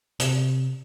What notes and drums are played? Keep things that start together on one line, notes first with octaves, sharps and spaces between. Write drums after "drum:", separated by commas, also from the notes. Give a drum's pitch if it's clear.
C3, drum: hi-hat